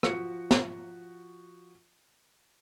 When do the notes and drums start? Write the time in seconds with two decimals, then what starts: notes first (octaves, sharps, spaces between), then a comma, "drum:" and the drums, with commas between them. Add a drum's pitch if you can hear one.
0.03 F3 F#4 C#7, drum: rim click
0.51 drum: snare